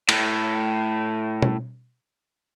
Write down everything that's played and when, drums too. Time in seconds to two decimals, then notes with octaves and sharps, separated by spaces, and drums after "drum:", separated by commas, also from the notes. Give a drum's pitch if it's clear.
0.09 A2 A3, drum: cymbal
1.42 drum: tom